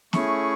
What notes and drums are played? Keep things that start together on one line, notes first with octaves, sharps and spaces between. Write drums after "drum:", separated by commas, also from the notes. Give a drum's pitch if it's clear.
A3 C#4 E4 G#4 C#6, drum: snare